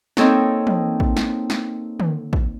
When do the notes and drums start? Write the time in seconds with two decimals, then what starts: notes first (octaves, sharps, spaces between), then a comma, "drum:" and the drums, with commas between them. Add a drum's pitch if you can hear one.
0.17 A#3 C4 D#4 A4 C#5 G5, drum: snare
0.67 drum: tom
1.00 drum: kick
1.17 drum: snare
1.50 drum: snare
2.00 drum: tom
2.33 drum: kick